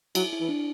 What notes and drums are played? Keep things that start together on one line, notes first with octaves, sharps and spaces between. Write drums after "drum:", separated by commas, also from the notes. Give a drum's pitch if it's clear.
F#3 E4, drum: cymbal
E4
E3
D4